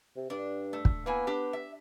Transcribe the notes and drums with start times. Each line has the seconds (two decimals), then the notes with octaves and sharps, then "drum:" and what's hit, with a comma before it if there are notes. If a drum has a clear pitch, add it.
0.16 C3
0.30 G2 D4
0.73 A3
0.85 drum: kick
1.06 A#3 B3 E4 G#5
1.27 D4 G4
1.53 E5